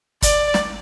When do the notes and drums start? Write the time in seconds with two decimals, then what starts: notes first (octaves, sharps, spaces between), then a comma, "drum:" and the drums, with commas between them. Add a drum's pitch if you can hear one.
0.22 D5, drum: kick, hi-hat
0.54 drum: snare